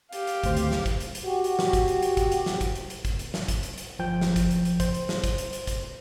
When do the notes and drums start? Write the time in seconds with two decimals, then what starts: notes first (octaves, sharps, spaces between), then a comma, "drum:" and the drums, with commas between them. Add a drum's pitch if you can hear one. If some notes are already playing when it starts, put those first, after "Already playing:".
0.13 G4 F5, drum: hi-hat
0.27 drum: hi-hat
0.43 G#1 D2 C5, drum: kick, hi-hat
0.57 drum: hi-hat
0.71 drum: snare
0.86 drum: kick, hi-hat
1.00 drum: hi-hat
1.15 drum: hi-hat
1.25 F#4 G4
1.44 drum: hi-hat
1.59 drum: snare
1.73 drum: kick, hi-hat
1.88 drum: hi-hat
2.02 drum: hi-hat
2.17 drum: kick, hi-hat
2.32 drum: hi-hat
2.46 drum: snare
2.61 drum: kick, hi-hat
2.75 drum: hi-hat
2.90 drum: hi-hat
3.05 drum: kick, hi-hat
3.19 drum: hi-hat
3.34 drum: snare
3.48 drum: kick, hi-hat
3.63 drum: hi-hat
3.78 drum: hi-hat
3.99 G1 F3 G5 G6
4.21 drum: snare
4.36 drum: kick, hi-hat
4.51 drum: hi-hat
4.65 drum: hi-hat
4.80 C5, drum: kick, hi-hat
4.94 drum: hi-hat
5.09 drum: snare
5.24 drum: kick, hi-hat
5.38 drum: hi-hat
5.53 drum: hi-hat
5.67 drum: kick, hi-hat